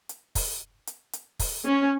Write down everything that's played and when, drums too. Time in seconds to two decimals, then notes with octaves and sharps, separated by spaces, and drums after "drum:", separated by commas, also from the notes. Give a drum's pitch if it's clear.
0.09 drum: hi-hat
0.35 drum: kick, open hi-hat
0.87 drum: hi-hat
1.13 drum: hi-hat
1.39 drum: kick, open hi-hat
1.66 C#4